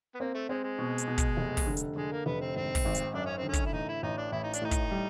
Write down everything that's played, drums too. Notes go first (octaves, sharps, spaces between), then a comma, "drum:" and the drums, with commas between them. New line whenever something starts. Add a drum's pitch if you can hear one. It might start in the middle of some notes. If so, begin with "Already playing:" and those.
B3
A#3 C4
A3
G#3 C4
G#3
B2
drum: hi-hat
B2
drum: kick, hi-hat
F1
drum: kick, open hi-hat
D3
drum: hi-hat
D3 G#3
A#3
F1 B3
C4
G#1 C4
drum: kick, open hi-hat
G#1
drum: hi-hat
F#2 D4
C#4
C4
D3 C#4
drum: kick, hi-hat
E4
A1 D#4
E4
A1 D#4
D4
A1 E4
D#4
D4, drum: hi-hat
A2 D#4
drum: kick, hi-hat
G3